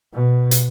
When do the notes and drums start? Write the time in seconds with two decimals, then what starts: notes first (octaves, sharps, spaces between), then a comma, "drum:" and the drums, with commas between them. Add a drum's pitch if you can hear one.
0.13 B2
0.51 drum: hi-hat